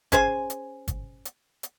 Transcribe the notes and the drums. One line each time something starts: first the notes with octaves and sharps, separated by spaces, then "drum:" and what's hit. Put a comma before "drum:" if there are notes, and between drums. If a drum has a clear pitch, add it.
C#4 G#4 C5 G#5, drum: kick G1, hi-hat
drum: hi-hat
drum: kick G1, hi-hat
drum: hi-hat
drum: hi-hat